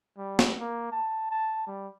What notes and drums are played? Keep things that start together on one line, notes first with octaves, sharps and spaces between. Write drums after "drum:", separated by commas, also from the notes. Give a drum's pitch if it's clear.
G3
drum: snare
A#3
A5
A5
G3